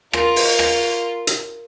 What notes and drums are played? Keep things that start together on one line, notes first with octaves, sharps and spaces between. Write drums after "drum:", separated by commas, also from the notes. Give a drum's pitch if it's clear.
F4 A#4, drum: rim click
drum: open hi-hat
drum: rim click
drum: hi-hat